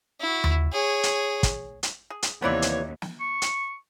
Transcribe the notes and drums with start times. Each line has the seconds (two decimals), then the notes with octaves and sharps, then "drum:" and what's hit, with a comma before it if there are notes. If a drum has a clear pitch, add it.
0.20 E4 F#4
0.44 drum: tom D#2
0.72 G#4 C#5
1.03 drum: hi-hat
1.43 drum: kick, hi-hat
1.83 drum: hi-hat
2.10 G#4
2.22 drum: hi-hat
2.42 D#2 C3 E3 A#3 B3 E4 C#5 D5
2.62 drum: hi-hat
3.02 drum: snare
3.21 C#6
3.42 drum: hi-hat